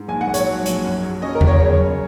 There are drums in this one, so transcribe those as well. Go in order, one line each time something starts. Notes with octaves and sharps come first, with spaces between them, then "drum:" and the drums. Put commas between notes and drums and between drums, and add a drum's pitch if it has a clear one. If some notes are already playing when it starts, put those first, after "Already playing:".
Already playing: G#2
A#1 G#5
F#5
A#1
C#5, drum: hi-hat
F#3
A#1, drum: hi-hat
F#2
F#3
C#4 D#5
A#4
F#2, drum: tom E2
C#5
C#3 C#5
C#3